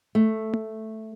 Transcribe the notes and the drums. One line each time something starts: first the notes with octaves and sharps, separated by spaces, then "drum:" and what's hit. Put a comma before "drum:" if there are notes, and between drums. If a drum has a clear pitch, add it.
A3
drum: tom A3